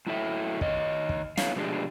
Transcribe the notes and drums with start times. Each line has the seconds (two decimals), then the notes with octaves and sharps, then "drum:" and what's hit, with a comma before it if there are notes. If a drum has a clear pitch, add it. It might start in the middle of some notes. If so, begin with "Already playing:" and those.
0.06 F#2 A2 E4 F#4 A4 E5
0.61 D#3 C#5 D#5, drum: kick
1.09 drum: kick
1.37 A#3 B3 E4 C#5 F5, drum: snare
1.56 B2 F3 G#3 A3 D4 G4